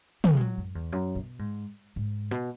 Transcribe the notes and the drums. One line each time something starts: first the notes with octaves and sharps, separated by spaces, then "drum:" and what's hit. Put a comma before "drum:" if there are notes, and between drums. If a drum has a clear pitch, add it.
B3, drum: tom
G#3
F#3
F#2
E2
F#2
B2
G#2
G#2
B2